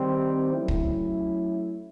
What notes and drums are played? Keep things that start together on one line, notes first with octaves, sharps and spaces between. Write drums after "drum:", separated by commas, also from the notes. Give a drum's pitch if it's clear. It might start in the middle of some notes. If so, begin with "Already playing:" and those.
Already playing: D#3 G3 C4
F#3 A3 C#4 E4
drum: kick